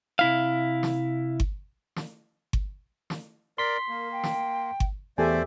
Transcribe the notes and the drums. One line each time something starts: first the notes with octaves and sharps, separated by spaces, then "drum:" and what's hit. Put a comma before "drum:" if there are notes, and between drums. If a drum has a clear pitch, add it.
C3 E4 F5
drum: snare
drum: kick G1
drum: snare
drum: kick G1
drum: snare
A#4 D5 C6 B6
A#3 A#4
G5
drum: snare
drum: kick G1
E2 A3 G4 A4 C5 D5 E5 G#5